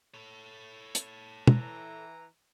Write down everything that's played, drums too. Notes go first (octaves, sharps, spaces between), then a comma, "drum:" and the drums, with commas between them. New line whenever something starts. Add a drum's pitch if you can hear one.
A4 C#5
drum: hi-hat
E3 A#5, drum: tom